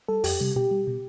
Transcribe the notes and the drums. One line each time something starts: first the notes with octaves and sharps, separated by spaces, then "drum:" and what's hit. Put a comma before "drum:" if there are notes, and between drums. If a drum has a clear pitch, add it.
G3 A4
F2 G4, drum: open hi-hat
C3 G3
B2 G4
G3
B2